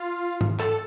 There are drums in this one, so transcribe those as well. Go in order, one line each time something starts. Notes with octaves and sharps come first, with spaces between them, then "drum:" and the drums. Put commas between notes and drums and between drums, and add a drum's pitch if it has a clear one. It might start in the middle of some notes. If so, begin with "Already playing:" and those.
Already playing: F4
drum: tom G#2
A4, drum: clap